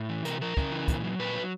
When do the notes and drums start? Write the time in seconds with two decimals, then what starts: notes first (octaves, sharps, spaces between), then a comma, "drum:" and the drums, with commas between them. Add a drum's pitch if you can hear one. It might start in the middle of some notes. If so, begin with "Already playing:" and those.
Already playing: A2
0.09 E3
0.25 C3 A#4, drum: hi-hat
0.41 F3 A#4
0.57 C#3, drum: kick
0.72 E3
0.88 A#2, drum: kick, hi-hat
1.04 F#3
1.19 A#2 B4
1.35 F#3